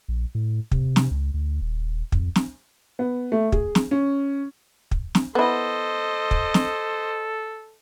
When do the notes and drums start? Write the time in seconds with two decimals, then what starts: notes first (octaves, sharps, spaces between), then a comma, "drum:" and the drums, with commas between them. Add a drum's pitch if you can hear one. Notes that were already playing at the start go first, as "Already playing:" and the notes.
0.08 A#1
0.35 A2
0.71 C3, drum: kick
0.96 drum: snare
1.11 C#2
1.34 D2
1.61 D#1
2.12 F2, drum: kick
2.36 drum: snare
2.99 B3
3.32 A3
3.52 G#4, drum: kick
3.75 drum: snare
3.91 C#4
4.91 drum: kick
5.15 drum: snare
5.35 B3 E4 A4 C5 D#5
6.31 drum: kick
6.54 drum: snare